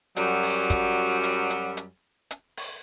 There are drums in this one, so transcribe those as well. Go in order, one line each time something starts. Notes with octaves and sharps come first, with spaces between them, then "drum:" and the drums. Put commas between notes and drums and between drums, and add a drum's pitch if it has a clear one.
F#2 F#3 G3, drum: hi-hat
drum: open hi-hat
drum: kick, hi-hat
drum: hi-hat
drum: hi-hat
drum: hi-hat
drum: hi-hat
drum: open hi-hat